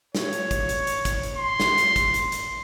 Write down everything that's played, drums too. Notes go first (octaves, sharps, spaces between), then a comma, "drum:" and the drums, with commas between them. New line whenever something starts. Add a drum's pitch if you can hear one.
C#5, drum: snare
drum: hi-hat
drum: kick, hi-hat
drum: hi-hat
drum: hi-hat
drum: kick, hi-hat
drum: hi-hat
C6
drum: snare
drum: hi-hat
drum: kick, hi-hat
drum: hi-hat
drum: hi-hat